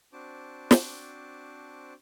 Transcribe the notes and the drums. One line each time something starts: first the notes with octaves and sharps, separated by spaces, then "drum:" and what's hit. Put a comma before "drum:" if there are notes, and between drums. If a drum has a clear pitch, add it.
C4 D4 F#4 C5 A5 D6
drum: snare